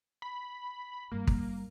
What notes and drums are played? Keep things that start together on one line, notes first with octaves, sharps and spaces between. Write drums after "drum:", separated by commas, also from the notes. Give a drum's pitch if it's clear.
B5
G2 G3 A#3
drum: kick